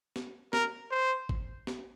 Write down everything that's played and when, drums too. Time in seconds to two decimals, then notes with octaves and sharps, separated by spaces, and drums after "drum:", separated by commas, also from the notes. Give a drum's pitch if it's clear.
0.16 drum: snare
0.53 A#4, drum: snare
0.91 C5
1.29 drum: kick
1.67 drum: snare